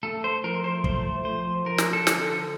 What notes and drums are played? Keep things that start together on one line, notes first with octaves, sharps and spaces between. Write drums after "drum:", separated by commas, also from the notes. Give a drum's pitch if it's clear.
A3 A4
C5
F3 A#4
C5
A3 C5, drum: kick
F3 C5
F3 A#4
drum: snare
A4
D3, drum: snare
A4